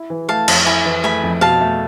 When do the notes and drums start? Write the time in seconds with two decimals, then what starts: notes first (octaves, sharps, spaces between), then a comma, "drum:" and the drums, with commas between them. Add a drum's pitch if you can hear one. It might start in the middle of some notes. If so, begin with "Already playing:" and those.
Already playing: E4
0.10 E3
0.29 A3 F5 A5
0.48 F2, drum: cymbal
0.66 E4 G#5 B5
0.85 E3
1.04 A3 G#5 B5
1.23 F2
1.41 B2 F5 A5
1.61 A3